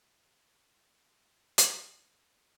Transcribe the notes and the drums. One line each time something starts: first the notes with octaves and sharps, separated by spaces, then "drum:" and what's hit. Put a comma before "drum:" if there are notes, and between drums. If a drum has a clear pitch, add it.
G3 A#3
drum: hi-hat